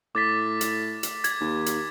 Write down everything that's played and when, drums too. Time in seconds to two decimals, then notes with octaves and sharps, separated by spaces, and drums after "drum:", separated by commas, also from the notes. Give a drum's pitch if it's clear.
0.15 A2 D6 A6 B6
0.61 drum: hi-hat
1.03 drum: hi-hat
1.24 G#6, drum: hi-hat
1.41 D#2
1.66 drum: hi-hat